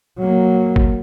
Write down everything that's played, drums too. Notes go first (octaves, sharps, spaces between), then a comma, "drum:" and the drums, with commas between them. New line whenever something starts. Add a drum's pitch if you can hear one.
F#3 A#3
drum: kick G1